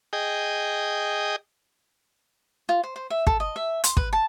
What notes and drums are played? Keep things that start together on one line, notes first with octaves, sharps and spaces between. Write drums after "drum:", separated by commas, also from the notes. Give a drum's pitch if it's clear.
G#4 D#5 G5
F4
C5
C5
E5
A4, drum: kick
D#5
E5
C6, drum: hi-hat
B4, drum: kick
A5